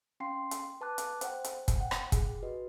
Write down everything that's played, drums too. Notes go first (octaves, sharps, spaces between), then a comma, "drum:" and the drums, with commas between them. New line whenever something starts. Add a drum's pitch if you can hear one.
C#4 F5 G5 C6 C7
drum: hi-hat
B4 A5 D6 F#6
drum: hi-hat
C5 F#5 G5, drum: hi-hat
drum: hi-hat
drum: kick, hi-hat
F#5 G5
drum: rim click
G#4, drum: kick, hi-hat
F#4 B4 D#5